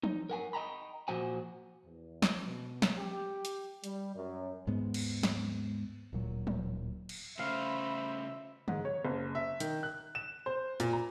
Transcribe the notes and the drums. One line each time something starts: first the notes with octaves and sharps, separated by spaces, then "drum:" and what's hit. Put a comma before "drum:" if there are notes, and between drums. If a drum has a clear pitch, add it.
D#4, drum: tom
A#4 F#5 G#5
D#5 G5 A#5 B5
A#2 F3 F#4 C5 F#5 G#5
E2
drum: snare
B2
drum: snare
G4
drum: hi-hat
G3, drum: hi-hat
F#2
D#2 G#2 G#3 B3
drum: cymbal
drum: snare
D1 A#2 F#3
drum: tom
drum: cymbal
C#3 A3 C5 E5 F5 B5
G#2, drum: tom
C#5
F#1
E5
D#3, drum: hi-hat
F#6
E7
C5
A#2, drum: hi-hat
A#5